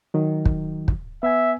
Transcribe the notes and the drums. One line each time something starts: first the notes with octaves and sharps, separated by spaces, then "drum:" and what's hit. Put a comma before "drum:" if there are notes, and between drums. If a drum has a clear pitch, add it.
D#3 F#3
drum: kick
drum: kick
B3 E5 G#5